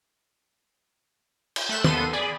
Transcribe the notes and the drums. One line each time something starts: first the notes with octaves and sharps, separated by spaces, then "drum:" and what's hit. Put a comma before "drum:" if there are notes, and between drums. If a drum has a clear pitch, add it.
drum: cymbal
A3 F#6 E7
D#2 B3 A4 C6 D#7, drum: tom
G#4 D5 G#5 B5